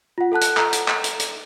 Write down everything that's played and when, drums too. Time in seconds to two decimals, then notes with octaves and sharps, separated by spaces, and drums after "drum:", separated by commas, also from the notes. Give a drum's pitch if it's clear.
0.18 F4 F#5
0.32 A4 F#5 A5 F#6
0.41 drum: hi-hat
0.57 A4 A#5, drum: clap
0.73 drum: hi-hat
0.88 drum: clap
1.04 drum: hi-hat
1.20 drum: hi-hat